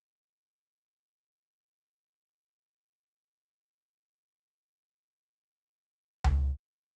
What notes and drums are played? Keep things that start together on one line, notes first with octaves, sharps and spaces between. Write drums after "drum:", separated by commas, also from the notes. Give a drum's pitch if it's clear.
F3 G#3
G3
F#3
C4
C#4
C4
D4
D#4
D4
D#4
E3 D4
D4
C#4
D4
C#4
A3
G3
G#3
D#3
drum: tom C#2